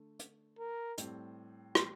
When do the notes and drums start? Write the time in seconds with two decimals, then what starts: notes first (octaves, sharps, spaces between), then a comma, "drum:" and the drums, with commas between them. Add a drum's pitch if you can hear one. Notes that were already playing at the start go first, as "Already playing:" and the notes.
Already playing: D3 A3
0.19 drum: hi-hat
0.59 A#4
0.98 A2 G3 C4, drum: hi-hat
1.75 drum: rim click